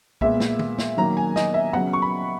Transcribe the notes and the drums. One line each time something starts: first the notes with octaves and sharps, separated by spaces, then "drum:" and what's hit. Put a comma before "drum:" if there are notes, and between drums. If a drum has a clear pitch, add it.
A#2 G#3 B3 E5, drum: kick
drum: snare
drum: tom
drum: snare
D#3 F#3 A#3 A#5
G#5
D#5, drum: snare
E5
C#3 F#3 B3 F#5, drum: tom
C#6
B5